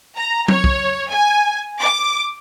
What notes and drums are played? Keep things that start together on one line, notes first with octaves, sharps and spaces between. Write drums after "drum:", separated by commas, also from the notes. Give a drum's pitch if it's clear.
A#5
C#5, drum: tom F#3
drum: kick
G#5
D6